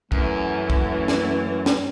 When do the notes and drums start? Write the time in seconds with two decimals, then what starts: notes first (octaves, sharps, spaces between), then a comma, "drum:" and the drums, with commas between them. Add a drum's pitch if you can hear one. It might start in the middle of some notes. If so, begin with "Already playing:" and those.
0.12 F#2 E3 A3, drum: kick
0.70 drum: kick
1.08 drum: snare
1.66 drum: snare